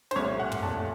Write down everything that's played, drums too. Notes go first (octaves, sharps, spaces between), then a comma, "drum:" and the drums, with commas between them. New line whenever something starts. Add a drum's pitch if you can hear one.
C5, drum: snare
C2 A#2 A3 C#5
F#5
drum: tom
C2 A#2 A3 A5